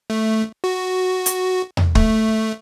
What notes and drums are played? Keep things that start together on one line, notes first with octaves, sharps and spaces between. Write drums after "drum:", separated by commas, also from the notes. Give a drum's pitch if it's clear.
A3
F#4
drum: hi-hat
drum: tom E2
A3, drum: kick